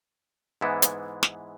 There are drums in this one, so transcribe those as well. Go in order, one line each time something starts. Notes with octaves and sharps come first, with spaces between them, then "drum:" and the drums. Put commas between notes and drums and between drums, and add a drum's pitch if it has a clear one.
G#2 E3 G#3 B3 E4
drum: hi-hat
drum: snare